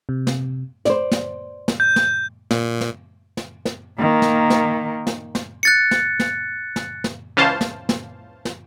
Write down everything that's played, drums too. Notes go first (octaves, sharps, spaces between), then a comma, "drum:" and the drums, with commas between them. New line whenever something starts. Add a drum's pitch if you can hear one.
C3
drum: snare
C5 D5, drum: snare
drum: snare
drum: snare
G6
drum: snare
A#2, drum: snare
drum: snare
drum: snare
drum: snare
D#3 A#3
drum: snare
drum: snare
drum: snare
drum: snare
F#6 A6 C#7
drum: snare
drum: snare
drum: snare
drum: snare
C#2 E3 C#4 C5 F5 A5
drum: snare
drum: snare
drum: snare